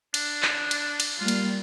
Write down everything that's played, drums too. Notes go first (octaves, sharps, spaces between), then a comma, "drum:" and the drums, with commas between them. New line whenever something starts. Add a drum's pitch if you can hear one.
D4, drum: cymbal
drum: clap
drum: cymbal
drum: cymbal
G3 A#3 F4
drum: cymbal